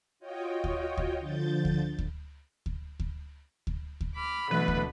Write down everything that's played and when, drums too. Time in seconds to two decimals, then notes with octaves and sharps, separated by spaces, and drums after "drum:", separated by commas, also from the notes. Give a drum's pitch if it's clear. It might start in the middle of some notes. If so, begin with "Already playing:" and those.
0.19 F4 F#4 C#5 D#5 G5
0.64 drum: kick D2
0.97 drum: kick D2
1.19 D3 F3 G6 A6
1.65 drum: kick D2
1.99 drum: kick D2
2.66 drum: kick D2
3.00 drum: kick D2
3.67 drum: kick D2
4.01 drum: kick D2
4.15 B5 D6 F6
4.51 B2 D3 E3 F#3 A3 B4
4.68 drum: kick D2